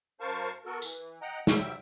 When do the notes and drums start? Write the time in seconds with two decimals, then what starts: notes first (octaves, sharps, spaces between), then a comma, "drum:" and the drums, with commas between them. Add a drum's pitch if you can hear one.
0.20 F#2 A#4 C5 F5 A5 C#6
0.66 B3 F#4 A4 A#4
0.82 E3, drum: tambourine
1.22 D#5 F#5 G5 A#5
1.47 G#2 F#3 G3 E5 G5 E6, drum: snare